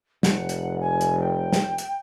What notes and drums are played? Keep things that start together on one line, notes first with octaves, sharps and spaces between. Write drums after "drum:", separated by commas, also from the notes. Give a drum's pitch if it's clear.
F1 F#5, drum: snare
drum: hi-hat
G#5
drum: hi-hat
G5
drum: snare
drum: hi-hat